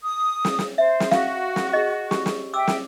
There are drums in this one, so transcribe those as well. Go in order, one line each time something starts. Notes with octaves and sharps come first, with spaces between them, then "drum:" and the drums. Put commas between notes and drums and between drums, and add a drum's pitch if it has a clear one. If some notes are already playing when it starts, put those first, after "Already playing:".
D#6
drum: snare
drum: snare
C5 E5
drum: snare
F#4 F5, drum: snare
drum: snare
G#4 D#5
G4, drum: snare
drum: snare
E5 G5 D6 E6
drum: snare